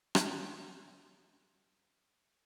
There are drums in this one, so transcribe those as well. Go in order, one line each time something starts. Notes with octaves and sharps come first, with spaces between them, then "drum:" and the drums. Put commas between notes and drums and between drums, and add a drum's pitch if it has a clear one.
drum: rim click
C4 C#4 F4 G#4
F#2 A2 D3 A#3 B3 C#4
C3 F#3 A#3 C4 G#4
F#2 A#2 C#3 F#3
C4
D2 C3 E3 F#3 B3 C#4